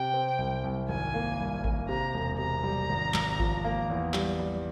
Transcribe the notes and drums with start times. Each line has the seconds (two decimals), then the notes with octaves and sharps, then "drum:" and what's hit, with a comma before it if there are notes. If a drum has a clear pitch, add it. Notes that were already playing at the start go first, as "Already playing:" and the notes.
Already playing: C3 G5
0.14 C4
0.38 C2
0.64 C2
0.89 G#1 G#5
1.14 A#3
1.39 G2
1.64 A#3, drum: kick G#1
1.89 C3 A#5
2.14 E1
2.38 C3 A#5
2.64 G3
2.89 G#1
3.14 G#1, drum: clap
3.39 F3, drum: kick G#1
3.65 A#3
3.90 E2
4.14 G3, drum: clap
4.40 G3